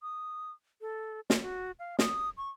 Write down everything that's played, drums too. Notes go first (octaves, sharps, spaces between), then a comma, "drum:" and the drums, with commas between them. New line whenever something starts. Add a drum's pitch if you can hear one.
D#6
A4
C#5, drum: snare
F#4
F5
D#6, drum: snare
C#6